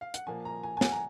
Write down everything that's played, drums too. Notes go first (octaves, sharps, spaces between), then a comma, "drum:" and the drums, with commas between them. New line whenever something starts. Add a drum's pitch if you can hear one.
F5
F#5, drum: hi-hat
A#2 F3 A#3 G#5
A#5
G#5
G#5
F#5, drum: snare
A#5